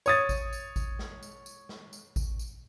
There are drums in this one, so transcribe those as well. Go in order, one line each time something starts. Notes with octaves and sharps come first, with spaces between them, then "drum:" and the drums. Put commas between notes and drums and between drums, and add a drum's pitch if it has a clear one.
C#5 D#6 A6, drum: tambourine
drum: kick A1, tambourine
drum: tambourine
drum: kick A1, tambourine
drum: snare
drum: tambourine
drum: tambourine
drum: snare
drum: tambourine
drum: kick A1, tambourine
drum: tambourine